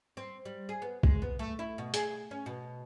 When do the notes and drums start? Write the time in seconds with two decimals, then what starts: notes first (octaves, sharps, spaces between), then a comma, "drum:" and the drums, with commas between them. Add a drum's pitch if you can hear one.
0.17 C4
0.45 G3
0.69 G#4
0.82 B3
1.03 G#3, drum: kick
1.22 B3
1.39 A3
1.59 E4
1.78 B2
1.94 G#4, drum: hi-hat
2.31 C#4
2.46 B2